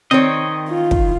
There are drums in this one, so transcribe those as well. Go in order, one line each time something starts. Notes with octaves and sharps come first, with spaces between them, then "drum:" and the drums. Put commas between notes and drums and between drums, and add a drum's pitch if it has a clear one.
D#3 C4 C#5 D#5
F4
drum: kick